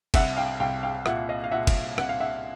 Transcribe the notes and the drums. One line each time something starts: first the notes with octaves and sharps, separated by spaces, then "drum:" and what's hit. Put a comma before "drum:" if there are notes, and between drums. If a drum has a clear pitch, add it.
C2 E5 F#5, drum: kick, cymbal
F5 G5
C2 F5 G5
F5 G5
A#2 E5 F#5, drum: rim click
D#5 F5
F5
A#2 E5 F#5
drum: kick, cymbal
C2 F#5, drum: rim click
F5
E5 F#5